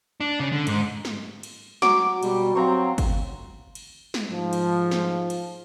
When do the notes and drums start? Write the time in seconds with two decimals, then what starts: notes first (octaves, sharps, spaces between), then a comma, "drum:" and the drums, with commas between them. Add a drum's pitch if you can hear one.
0.21 D4
0.40 C#3
0.52 D3
0.67 G#2, drum: cymbal
1.05 drum: snare
1.43 drum: cymbal
1.82 F#3 D6, drum: snare
2.23 B2 G3, drum: cymbal
2.55 F#3 C4 F5 A#5 C#6
2.98 drum: kick, cymbal
3.75 drum: cymbal
4.14 drum: snare
4.31 G#2 F3
4.53 drum: cymbal
4.91 drum: snare
5.30 drum: cymbal